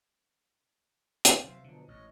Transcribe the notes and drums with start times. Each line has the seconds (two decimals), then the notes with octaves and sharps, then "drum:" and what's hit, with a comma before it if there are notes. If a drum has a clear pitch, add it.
1.25 drum: hi-hat
1.44 C3 F#3 C5 E5 F5
1.64 B2 D3 F3 F#3
1.88 A1 G#2 C#5 D#5